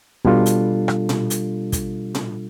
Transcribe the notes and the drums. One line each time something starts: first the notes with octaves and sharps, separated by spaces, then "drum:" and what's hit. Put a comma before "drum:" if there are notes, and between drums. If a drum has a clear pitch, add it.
B2 G3 D4 F4 A4, drum: kick
drum: hi-hat
drum: rim click
drum: tom A#2
drum: hi-hat
drum: kick, hi-hat
drum: tom A#2